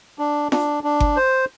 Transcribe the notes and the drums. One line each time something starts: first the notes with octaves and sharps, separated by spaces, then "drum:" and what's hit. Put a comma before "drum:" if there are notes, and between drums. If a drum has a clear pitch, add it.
D4
D4, drum: snare F4
D4
drum: kick G1
C5